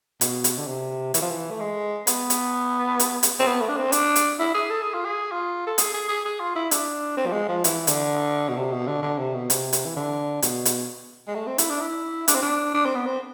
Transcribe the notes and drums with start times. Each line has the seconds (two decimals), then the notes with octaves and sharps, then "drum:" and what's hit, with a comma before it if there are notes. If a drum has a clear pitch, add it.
0.21 B2, drum: hi-hat
0.44 drum: hi-hat
0.58 D3
0.67 C3
1.14 E3, drum: hi-hat
1.22 F3
1.30 E3
1.50 A3
1.60 G#3
2.07 B3, drum: hi-hat
2.30 drum: hi-hat
2.99 drum: hi-hat
3.23 drum: hi-hat
3.39 C4
3.46 B3
3.61 A3
3.69 D4
3.77 C4
3.92 D4, drum: hi-hat
4.16 drum: hi-hat
4.39 E4
4.54 G#4
4.70 A4
4.82 G#4
4.94 F4
5.05 G#4
5.32 F4
5.67 A4
5.78 G#4, drum: hi-hat
5.94 G#4
6.09 G#4
6.25 G#4
6.40 F4
6.55 E4
6.71 D4, drum: hi-hat
7.17 C4
7.26 F3
7.33 G#3
7.48 F3
7.64 E3, drum: hi-hat
7.87 D3, drum: hi-hat
8.49 B2
8.57 C3
8.71 B2
8.88 D3
9.02 D3
9.18 C3
9.34 B2
9.50 C3, drum: hi-hat
9.73 drum: hi-hat
9.85 E3
9.96 D3
10.42 B2, drum: hi-hat
10.65 drum: hi-hat
11.28 G#3
11.35 A3
11.47 C4
11.58 E4, drum: hi-hat
11.70 D4
11.81 E4
12.28 D4, drum: hi-hat
12.35 C4
12.42 D4
12.74 D4
12.85 C4
12.95 B3
13.06 C4